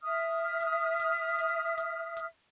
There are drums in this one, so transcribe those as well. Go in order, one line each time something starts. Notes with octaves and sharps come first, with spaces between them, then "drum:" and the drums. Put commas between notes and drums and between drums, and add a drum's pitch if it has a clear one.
E5 D#6 F6
drum: hi-hat
drum: hi-hat
drum: hi-hat
drum: hi-hat
drum: hi-hat